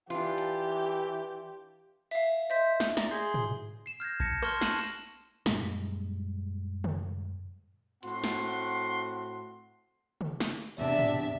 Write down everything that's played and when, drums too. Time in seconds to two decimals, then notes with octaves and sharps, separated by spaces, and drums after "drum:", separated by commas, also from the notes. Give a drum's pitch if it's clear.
0.10 E3 D4 F4 G4, drum: hi-hat
0.38 drum: hi-hat
2.11 E5 F5, drum: cymbal
2.50 C5 D#5 E5 B6
2.80 drum: snare
2.97 D5 A#5, drum: snare
3.11 G#4 C6 G6 G#6
3.34 drum: tom
3.86 C7 E7
4.00 F6 G6 G#6 A#6
4.20 A5 G#6 A#6 C#7, drum: kick A#1
4.43 A5 C6 C#6 F6 A#6, drum: rim click
4.61 A5 F#6 C7 D#7 E7 F#7, drum: snare
4.79 drum: open hi-hat
5.46 F#2 A#2 G3 G#3, drum: snare
6.84 drum: tom
8.03 A2 C4 F#4 F#5 C6, drum: hi-hat
8.24 drum: snare
10.21 drum: tom
10.40 drum: snare
10.78 E2 C3 D4 E5
10.99 drum: tom